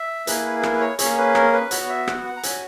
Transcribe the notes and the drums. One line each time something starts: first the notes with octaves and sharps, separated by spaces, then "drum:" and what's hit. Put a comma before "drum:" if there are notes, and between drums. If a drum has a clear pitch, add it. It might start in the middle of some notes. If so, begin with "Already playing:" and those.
Already playing: E5
A#3 E4 G#4 B4, drum: hi-hat
B4
B4
A#4, drum: rim click
B4
C#5
A#3 C#4 G#4 C#5, drum: hi-hat
B4
A#4, drum: rim click
B4
B3 F#4 C#5, drum: hi-hat
E5
F#5, drum: rim click
F#5
A#5
C#4 F#4 G#5, drum: hi-hat